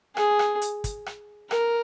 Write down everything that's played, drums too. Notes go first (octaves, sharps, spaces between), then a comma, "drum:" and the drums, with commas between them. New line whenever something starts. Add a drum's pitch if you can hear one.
G#4, drum: rim click
drum: rim click
drum: hi-hat
drum: kick, hi-hat
drum: rim click
A#4, drum: rim click